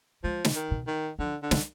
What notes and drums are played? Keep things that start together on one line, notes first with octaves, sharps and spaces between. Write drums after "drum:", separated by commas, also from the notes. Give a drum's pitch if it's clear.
F3 G#3
drum: snare
D#3
B2
D#3
D3 F3
D3
G3, drum: snare